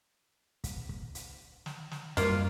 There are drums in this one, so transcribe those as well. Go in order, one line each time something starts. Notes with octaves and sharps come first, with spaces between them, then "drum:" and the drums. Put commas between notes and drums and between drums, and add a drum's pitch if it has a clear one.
drum: kick, hi-hat
drum: kick
drum: hi-hat
drum: snare
drum: snare
F#2 G3 A#3 F4, drum: hi-hat